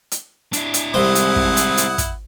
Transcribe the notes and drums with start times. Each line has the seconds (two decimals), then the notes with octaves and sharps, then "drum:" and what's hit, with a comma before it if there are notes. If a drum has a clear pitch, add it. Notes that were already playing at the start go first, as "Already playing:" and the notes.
0.11 drum: hi-hat
0.53 D4 E4, drum: hi-hat
0.74 drum: hi-hat
0.94 C2 G#3 C4 E4 C5 F#5 D#6
1.15 drum: hi-hat
1.36 drum: kick
1.57 drum: hi-hat
1.77 drum: hi-hat
1.98 drum: kick, hi-hat